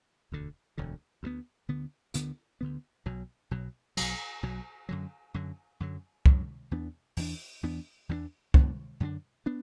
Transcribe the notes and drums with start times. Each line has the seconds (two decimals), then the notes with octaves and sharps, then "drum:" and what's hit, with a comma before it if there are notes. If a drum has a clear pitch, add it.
0.32 E1 D2 D3
0.78 E1 D2 D3
1.23 D2 D3 B3
1.69 D2 D3 B3
2.14 D2 D3 B3, drum: hi-hat
2.61 D2 D3 B3
3.06 B1 B2 F#3
3.51 B1 B2 F#3
3.97 B1 B2 F#3, drum: cymbal
4.43 B1 B2 F#3
4.89 F#2 D3 F#3
5.34 F#2 D3 F#3
5.80 F#2 D3 F#3
6.26 F#2 D3 F#3, drum: kick
6.71 E2 E3 B3 D4
7.17 E2 E3 B3 D4, drum: open hi-hat
7.63 E2 E3 B3 D4
8.09 E2 E3 B3 D4
8.54 F#2 D3 B3 D4, drum: kick
9.00 F#2 D3 B3 D4
9.46 B3 D4